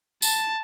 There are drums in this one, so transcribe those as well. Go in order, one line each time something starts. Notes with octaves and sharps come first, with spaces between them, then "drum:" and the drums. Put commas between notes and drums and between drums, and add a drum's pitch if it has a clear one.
A5, drum: tambourine